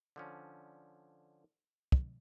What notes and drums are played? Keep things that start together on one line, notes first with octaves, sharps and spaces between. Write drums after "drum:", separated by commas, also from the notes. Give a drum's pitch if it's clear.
D3 F3 C#4
drum: kick